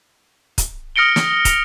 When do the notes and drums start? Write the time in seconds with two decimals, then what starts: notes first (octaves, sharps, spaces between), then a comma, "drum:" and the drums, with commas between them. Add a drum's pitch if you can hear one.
0.58 drum: kick, hi-hat
0.96 D#6 F6 A#6 C#7 D7 G7
1.16 drum: snare
1.45 F7, drum: kick, hi-hat